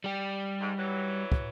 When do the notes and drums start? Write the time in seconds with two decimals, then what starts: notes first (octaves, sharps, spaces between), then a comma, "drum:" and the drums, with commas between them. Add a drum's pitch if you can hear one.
0.04 G3 G4
0.60 G#2
0.78 E3 F#3
1.32 drum: kick